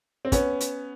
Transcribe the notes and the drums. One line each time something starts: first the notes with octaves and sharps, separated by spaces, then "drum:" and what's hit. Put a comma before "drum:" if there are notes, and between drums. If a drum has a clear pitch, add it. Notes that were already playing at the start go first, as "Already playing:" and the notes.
C4
B3 C#4, drum: kick, hi-hat
drum: hi-hat